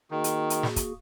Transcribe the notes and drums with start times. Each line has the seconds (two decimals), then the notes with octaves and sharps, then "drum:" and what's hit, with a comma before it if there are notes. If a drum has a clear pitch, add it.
0.11 D#3 A#3 F#4 G#4
0.24 drum: hi-hat
0.50 drum: hi-hat
0.63 drum: snare
0.76 drum: kick, hi-hat